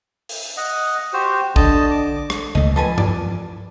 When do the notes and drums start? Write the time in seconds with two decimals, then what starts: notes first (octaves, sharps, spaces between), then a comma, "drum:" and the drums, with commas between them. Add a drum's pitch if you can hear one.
0.29 drum: open hi-hat
0.57 D#5 F#5
1.13 F#4 G4 C5
1.56 D3 D#5 A5, drum: kick
1.91 D6
2.30 drum: rim click
2.55 C#2 A3 D#5
2.76 F3 A4 B4 G#5
2.98 D5, drum: tom G2